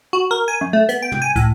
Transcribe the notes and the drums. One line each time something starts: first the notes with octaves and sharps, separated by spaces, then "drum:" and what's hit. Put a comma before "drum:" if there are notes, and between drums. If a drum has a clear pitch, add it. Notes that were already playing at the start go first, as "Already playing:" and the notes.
F#4
A#4
G#5
F#2
A3
B3, drum: hi-hat
G5
drum: tom
G#5
A2, drum: kick, hi-hat